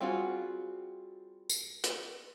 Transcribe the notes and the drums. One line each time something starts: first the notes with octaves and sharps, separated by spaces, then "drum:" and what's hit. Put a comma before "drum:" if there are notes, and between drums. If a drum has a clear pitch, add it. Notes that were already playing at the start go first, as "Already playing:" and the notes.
G3 C4 F4 F#4 G#4
drum: tambourine
drum: hi-hat